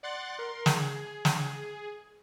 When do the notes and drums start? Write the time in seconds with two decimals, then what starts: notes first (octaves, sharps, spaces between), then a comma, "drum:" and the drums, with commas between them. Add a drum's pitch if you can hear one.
0.03 D5 F#5 C6 F#6 A6
0.39 A#4 C6
0.66 G#4, drum: snare
1.25 drum: snare